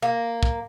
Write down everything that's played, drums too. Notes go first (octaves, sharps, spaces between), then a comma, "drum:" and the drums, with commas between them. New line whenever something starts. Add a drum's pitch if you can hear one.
A#3
drum: kick